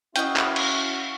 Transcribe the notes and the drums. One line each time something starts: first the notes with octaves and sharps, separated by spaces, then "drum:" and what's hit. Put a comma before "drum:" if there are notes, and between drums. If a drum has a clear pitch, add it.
C#4 E4 F#4 D#5 F5 G5, drum: hi-hat
drum: clap
drum: cymbal